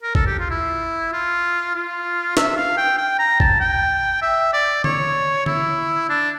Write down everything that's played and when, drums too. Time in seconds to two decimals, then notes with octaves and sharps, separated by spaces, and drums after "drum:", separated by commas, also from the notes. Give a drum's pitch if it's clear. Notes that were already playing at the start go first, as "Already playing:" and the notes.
0.03 A#4
0.15 A4, drum: kick
0.26 G4
0.39 F4
0.51 E4
1.13 F4
1.75 F4
2.37 E5, drum: snare
2.57 F5
2.77 G5
2.98 G5
3.19 A#5
3.40 A5, drum: kick
3.60 G5
4.22 E5
4.53 D5
4.84 C#5, drum: tom D3
5.46 E4, drum: tom D3
6.09 D4